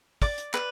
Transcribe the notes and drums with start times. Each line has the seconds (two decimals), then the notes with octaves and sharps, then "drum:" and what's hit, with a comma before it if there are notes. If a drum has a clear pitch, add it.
0.22 D5 D6, drum: kick, open hi-hat
0.38 drum: hi-hat
0.54 B4, drum: clap